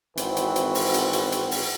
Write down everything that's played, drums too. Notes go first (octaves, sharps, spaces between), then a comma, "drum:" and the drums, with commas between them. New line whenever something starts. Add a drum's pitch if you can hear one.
G#1 E3 C4 F#4 B4, drum: hi-hat
drum: hi-hat
drum: hi-hat
drum: open hi-hat
drum: hi-hat
drum: hi-hat
drum: hi-hat
drum: open hi-hat